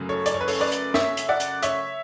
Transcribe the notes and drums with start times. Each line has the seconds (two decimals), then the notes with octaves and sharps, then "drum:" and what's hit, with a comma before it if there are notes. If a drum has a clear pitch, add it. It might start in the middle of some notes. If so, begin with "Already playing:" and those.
Already playing: F#2 C#3 F#3 A3
0.09 A4 C#5
0.26 D5, drum: hi-hat
0.34 C#5
0.41 B4
0.48 A4 C#5, drum: open hi-hat
0.60 B4 D5
0.72 drum: hi-hat
0.94 C#5 E5, drum: snare
1.17 drum: hi-hat
1.29 D5 F#5
1.40 drum: hi-hat
1.62 C#5 E5, drum: hi-hat